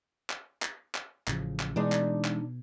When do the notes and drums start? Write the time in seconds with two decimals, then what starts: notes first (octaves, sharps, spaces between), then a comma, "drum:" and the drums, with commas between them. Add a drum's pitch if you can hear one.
0.30 drum: clap
0.62 drum: clap
0.95 drum: clap
1.28 A1 C#3 F3, drum: clap
1.60 drum: clap
1.76 B2 E3 G#3 D4 D#4
1.92 drum: clap
2.25 drum: clap